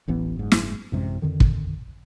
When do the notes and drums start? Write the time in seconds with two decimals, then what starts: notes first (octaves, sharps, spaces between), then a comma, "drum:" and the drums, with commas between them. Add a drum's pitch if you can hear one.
0.08 D1 A1 E3 B3
0.36 F#1 G#2
0.52 drum: snare
0.92 A1 F#2 C3 G#3
1.22 F2 D3 D#3
1.40 drum: kick